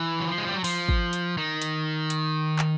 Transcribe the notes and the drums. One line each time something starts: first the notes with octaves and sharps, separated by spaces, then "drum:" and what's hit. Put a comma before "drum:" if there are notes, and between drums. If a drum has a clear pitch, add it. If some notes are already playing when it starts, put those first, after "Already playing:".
Already playing: E3
F#3
F3
G#3
G3
F#3
F3, drum: open hi-hat
drum: kick
drum: hi-hat
D#3
drum: hi-hat
drum: hi-hat
drum: clap